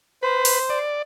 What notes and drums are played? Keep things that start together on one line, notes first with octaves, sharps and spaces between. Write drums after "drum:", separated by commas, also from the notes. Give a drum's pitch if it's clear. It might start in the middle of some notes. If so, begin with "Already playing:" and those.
B4 C5
drum: open hi-hat
D5